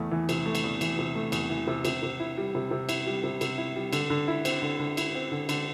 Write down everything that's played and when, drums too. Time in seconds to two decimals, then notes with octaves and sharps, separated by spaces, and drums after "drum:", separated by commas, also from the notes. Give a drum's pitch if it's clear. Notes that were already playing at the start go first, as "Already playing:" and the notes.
Already playing: E2 A3
0.11 E3
0.29 C3, drum: cymbal
0.46 A3
0.55 drum: cymbal
0.64 E2
0.81 E3, drum: cymbal
0.99 C3
1.15 A3
1.32 E2, drum: cymbal
1.50 E3
1.67 C3
1.85 C3, drum: cymbal
2.03 C3
2.20 E4
2.37 G3
2.55 C3
2.71 C3
2.89 E4, drum: cymbal
3.07 G3
3.24 C3
3.41 C3, drum: cymbal
3.58 E4
3.76 G3
3.93 D3, drum: cymbal
4.10 D3
4.28 E4
4.45 C4, drum: cymbal
4.62 D3
4.80 D3
4.97 E4, drum: cymbal
5.15 C4
5.32 D3
5.49 D3, drum: cymbal